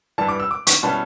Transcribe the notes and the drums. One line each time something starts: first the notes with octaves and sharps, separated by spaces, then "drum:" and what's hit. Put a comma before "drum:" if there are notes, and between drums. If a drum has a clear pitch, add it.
G2 E3 G3 A5
D6
E6
D6
C#6, drum: hi-hat
B2 G3 C#4 E4 A5